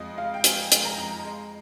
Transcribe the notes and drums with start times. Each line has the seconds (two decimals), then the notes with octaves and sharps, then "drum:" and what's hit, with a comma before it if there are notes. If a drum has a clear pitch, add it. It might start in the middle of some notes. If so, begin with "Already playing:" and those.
Already playing: F2 G#3 D#5
0.18 G#3 F5
0.34 G5
0.44 C4 G#5, drum: hi-hat
0.72 G#3, drum: hi-hat
0.85 A#5
0.98 F2
1.25 G#3